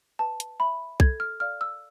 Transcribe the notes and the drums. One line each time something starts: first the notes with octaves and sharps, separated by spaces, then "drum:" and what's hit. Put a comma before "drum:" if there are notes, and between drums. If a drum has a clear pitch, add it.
B4 A5
drum: hi-hat
E5 B5
A4 G#6, drum: kick B1
F6
D5 F5 F6
E6